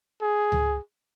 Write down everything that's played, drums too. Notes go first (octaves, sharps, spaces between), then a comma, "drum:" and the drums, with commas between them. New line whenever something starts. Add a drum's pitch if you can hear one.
G#4
drum: tom C#2